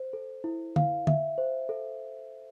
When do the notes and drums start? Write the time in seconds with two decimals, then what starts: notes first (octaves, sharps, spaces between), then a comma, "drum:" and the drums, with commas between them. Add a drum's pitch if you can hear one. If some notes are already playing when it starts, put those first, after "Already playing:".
Already playing: C5
0.13 A4
0.44 E4
0.76 F5, drum: tom
1.07 E5, drum: tom
1.38 C5
1.69 A4